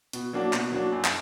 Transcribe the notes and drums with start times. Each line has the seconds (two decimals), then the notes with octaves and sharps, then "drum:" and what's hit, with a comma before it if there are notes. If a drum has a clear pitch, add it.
0.13 B2, drum: hi-hat
0.33 F#3 A#3 D4 F#4
0.53 B2, drum: clap
0.72 F#3 A#3 D4 F#4
0.92 F#2
1.05 drum: clap